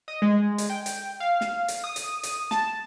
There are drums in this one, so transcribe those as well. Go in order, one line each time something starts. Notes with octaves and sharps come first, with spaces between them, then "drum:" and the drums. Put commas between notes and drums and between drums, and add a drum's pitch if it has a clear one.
D#5
G#3
drum: hi-hat
G5
drum: hi-hat
F5
drum: snare
drum: hi-hat
D#6
drum: hi-hat
drum: hi-hat
A5, drum: snare